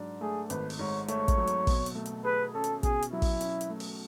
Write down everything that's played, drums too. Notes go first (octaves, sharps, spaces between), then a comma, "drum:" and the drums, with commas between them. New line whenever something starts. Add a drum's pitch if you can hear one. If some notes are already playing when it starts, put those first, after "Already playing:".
Already playing: G#2 F#3 D4
A3 G#4
G#1 B4, drum: hi-hat
drum: open hi-hat
G#2 C#5
A3 C#5, drum: hi-hat
drum: kick, hi-hat
F#3
drum: hi-hat
B2, drum: kick, open hi-hat
drum: hi-hat
A3
drum: hi-hat
G#4 B4
C#4 A4
drum: hi-hat
B2 G#4, drum: kick, hi-hat
drum: hi-hat
F#3 E4
drum: kick, open hi-hat
C#4, drum: hi-hat
drum: hi-hat
A3
drum: open hi-hat